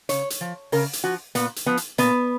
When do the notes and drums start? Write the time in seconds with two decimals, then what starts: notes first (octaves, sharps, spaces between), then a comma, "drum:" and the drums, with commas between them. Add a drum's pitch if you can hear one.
0.09 C#3 C#5, drum: hi-hat
0.30 drum: hi-hat
0.41 F3
0.72 C#3 A#4, drum: open hi-hat
0.93 drum: hi-hat
1.04 F3 F#4
1.35 A#2 B3, drum: hi-hat
1.56 drum: hi-hat
1.66 F3 B3
1.77 drum: hi-hat
1.98 A#2 B3, drum: hi-hat